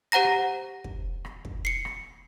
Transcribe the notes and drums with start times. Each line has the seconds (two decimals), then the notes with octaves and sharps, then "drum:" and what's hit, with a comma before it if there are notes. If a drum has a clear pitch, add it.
0.12 G4 C5 F#5 A#5 A#6
0.24 drum: rim click
0.84 drum: kick
1.25 drum: rim click
1.45 drum: kick
1.65 C7 C#7
1.85 drum: rim click